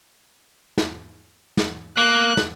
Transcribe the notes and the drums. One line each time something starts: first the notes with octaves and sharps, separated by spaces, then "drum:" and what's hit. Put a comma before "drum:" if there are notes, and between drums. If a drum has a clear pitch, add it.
drum: snare
drum: snare
A#3 F#6
drum: snare